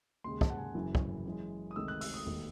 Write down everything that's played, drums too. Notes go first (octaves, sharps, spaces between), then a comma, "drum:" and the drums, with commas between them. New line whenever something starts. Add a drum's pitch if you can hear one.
D#2 C#3 G#3 C6
A5, drum: kick
F#5
G#5
F#1 F#2 C#3 E3
drum: kick
F#2 E3 G#3
D#6
C#2 C3 D#3 A3 E6
F#6
E6, drum: open hi-hat
D#6
E1 D#2 D#3 A3